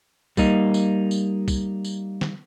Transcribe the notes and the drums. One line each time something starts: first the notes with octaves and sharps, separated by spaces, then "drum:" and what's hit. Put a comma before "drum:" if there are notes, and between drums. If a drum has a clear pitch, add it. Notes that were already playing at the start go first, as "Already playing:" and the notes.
G3 A#3 D#4, drum: kick, tambourine
drum: tambourine
drum: tambourine
drum: kick, tambourine
drum: tambourine
drum: snare